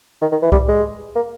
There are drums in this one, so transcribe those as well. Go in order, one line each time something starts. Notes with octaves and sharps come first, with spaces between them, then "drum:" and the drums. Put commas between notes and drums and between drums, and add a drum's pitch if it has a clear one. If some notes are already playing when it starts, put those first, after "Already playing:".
D#3
D#3
E3
G3, drum: kick C2
G#3
A#3